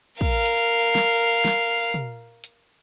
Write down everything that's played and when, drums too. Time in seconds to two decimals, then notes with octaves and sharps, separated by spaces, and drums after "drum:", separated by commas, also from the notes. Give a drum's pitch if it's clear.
0.21 A#4 F5, drum: kick
0.46 drum: hi-hat
0.95 drum: snare
1.45 drum: snare
1.94 drum: tom
2.44 drum: hi-hat